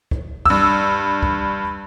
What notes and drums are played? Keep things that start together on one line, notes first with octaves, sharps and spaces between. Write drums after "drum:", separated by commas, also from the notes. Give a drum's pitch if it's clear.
drum: kick
G2 E6, drum: kick
drum: kick